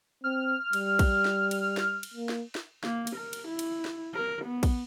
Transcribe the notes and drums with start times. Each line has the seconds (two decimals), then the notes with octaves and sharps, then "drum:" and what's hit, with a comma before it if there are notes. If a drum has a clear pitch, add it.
0.24 C4 F6
0.73 G3, drum: cymbal
0.99 drum: kick, cymbal
1.25 drum: snare
1.51 drum: cymbal
1.77 drum: snare
2.03 drum: cymbal
2.14 A#3
2.29 drum: snare
2.55 drum: snare
2.84 A#3, drum: snare
3.07 drum: cymbal
3.16 A#4
3.33 drum: cymbal
3.48 E4
3.59 drum: cymbal
3.85 drum: snare
4.15 A#4
4.45 B3
4.63 drum: kick, cymbal